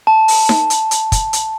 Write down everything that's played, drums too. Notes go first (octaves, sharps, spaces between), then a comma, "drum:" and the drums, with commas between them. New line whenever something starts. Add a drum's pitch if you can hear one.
A5
drum: open hi-hat
drum: snare D#4
drum: hi-hat
drum: hi-hat
drum: kick, hi-hat
drum: hi-hat